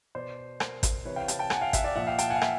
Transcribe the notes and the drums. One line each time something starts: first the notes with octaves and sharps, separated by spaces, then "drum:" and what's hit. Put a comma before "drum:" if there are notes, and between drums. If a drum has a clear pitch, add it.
B2 C5 D5
A#4 C5, drum: rim click
drum: kick G#1, hi-hat
C3 E3 B4 C#5
F5 G5
G5 A5, drum: hi-hat
G5 A5
F#5 G#5, drum: rim click
F5 G5
E5 F#5, drum: kick G#1, hi-hat
D5 E5
A#2 F3 E5 F#5
F5 G5
G5 A5, drum: hi-hat
F#5 G#5
F5
E5 F#5, drum: rim click